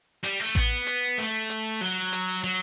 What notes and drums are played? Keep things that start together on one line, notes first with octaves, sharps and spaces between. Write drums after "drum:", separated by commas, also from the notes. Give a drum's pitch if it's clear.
G3, drum: hi-hat
A3
B3, drum: kick A1, hi-hat
drum: hi-hat
A3
drum: hi-hat
F#3, drum: open hi-hat
drum: hi-hat
F#3